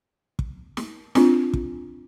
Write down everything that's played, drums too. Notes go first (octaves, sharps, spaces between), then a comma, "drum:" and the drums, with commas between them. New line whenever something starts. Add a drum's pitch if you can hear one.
drum: kick
drum: snare
C4 D4 F4, drum: snare
drum: kick